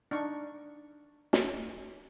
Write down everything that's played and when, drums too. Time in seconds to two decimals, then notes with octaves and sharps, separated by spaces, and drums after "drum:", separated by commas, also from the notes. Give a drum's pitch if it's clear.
0.11 D4 D#4 C#6
1.33 drum: snare